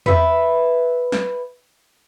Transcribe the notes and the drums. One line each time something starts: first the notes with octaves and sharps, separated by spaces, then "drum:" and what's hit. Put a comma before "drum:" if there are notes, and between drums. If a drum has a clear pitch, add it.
B4 E5, drum: tom E2
drum: snare